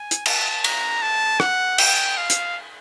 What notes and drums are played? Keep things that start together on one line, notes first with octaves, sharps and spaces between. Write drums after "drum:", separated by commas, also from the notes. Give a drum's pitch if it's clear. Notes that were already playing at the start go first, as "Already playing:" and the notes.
Already playing: G#5
drum: hi-hat
A5, drum: cymbal
A#5, drum: cymbal
A5
F#5, drum: rim click
G5, drum: cymbal
F5
drum: hi-hat